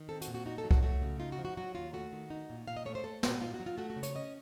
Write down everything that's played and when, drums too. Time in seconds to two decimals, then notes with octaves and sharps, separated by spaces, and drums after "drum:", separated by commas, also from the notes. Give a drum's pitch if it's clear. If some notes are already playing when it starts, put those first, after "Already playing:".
Already playing: D#3
0.09 C4 A4
0.21 F#4, drum: hi-hat
0.28 A#2
0.35 F#4
0.46 D#4 F#4
0.58 A4
0.64 F#3
0.71 F#4, drum: kick C2
0.83 A3 F#4
1.02 C#3
1.20 D#4 F4
1.32 F#4
1.38 F3
1.45 F#4
1.57 F#3 F#4
1.75 D#2 F4
1.93 A3 F#4
2.12 D#3
2.30 D#4
2.50 A#2
2.68 A#2 F5
2.77 D#5
2.85 A3 C#5
2.95 C5
3.04 A3 A4
3.23 A#2 F#4, drum: snare
3.41 D#4 F4
3.54 F#4
3.60 F#3
3.66 F4
3.78 A3 F#4
3.90 F#4
3.96 C#3
4.03 C#5, drum: hi-hat
4.15 C#4 D#5